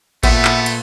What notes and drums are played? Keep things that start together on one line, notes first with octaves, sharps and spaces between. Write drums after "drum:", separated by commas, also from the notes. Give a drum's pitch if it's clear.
A#2 A3 B3 E5, drum: kick A1, cymbal
drum: clap
drum: cymbal